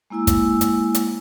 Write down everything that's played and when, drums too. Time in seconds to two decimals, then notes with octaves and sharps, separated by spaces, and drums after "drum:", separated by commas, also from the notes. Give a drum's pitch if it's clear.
0.10 G#3 A#3 E4 G#5 E6
0.27 drum: kick, hi-hat
0.61 drum: hi-hat
0.95 drum: hi-hat